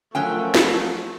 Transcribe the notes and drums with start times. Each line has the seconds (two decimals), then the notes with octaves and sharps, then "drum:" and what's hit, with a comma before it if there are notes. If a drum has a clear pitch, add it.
0.15 F3 F#3 A3 C#4 F4 A#4 G5
0.54 drum: snare